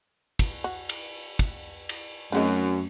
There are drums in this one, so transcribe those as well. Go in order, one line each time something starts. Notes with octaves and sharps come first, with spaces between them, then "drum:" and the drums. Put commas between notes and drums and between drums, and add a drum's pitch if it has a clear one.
drum: kick, cymbal
F#4
drum: cymbal
drum: kick, cymbal
drum: cymbal
F#2 A3 C4 C#4 D#4 G#4 F5